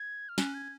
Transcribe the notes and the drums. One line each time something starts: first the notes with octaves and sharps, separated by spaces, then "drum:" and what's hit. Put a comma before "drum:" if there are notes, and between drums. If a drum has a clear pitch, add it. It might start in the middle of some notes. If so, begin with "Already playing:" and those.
Already playing: G#6
F6
C#4 F#6, drum: snare
G#6